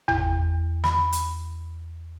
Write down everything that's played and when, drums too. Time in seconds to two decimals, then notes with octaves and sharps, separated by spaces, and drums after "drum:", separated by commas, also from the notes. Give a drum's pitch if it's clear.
0.08 E2, drum: tom G1
0.84 B5, drum: snare
1.12 drum: hi-hat